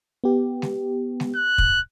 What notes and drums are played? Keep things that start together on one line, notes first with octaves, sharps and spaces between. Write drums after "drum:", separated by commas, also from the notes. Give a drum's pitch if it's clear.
B3 G4
drum: snare G#3
drum: snare G#3
F#6
drum: kick